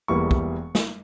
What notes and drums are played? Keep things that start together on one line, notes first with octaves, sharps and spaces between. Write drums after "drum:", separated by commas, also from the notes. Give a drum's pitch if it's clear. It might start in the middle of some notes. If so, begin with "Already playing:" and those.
E1 E2 E3 G3 A#3 C#6
drum: kick
drum: snare